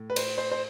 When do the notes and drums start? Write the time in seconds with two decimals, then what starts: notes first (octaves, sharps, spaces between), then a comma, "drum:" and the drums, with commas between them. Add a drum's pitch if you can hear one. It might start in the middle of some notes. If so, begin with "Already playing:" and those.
Already playing: A2
0.10 B4
0.16 C5, drum: cymbal
0.38 C5
0.52 C5